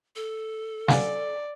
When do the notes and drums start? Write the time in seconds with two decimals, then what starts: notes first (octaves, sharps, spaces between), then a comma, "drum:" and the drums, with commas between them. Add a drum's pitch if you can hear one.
0.16 A4
0.88 D5 F5 F#5 G#5, drum: snare